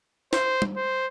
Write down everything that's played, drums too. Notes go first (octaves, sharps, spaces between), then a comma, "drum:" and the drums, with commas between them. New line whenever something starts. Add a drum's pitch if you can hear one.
C5, drum: snare
drum: tom G3
C5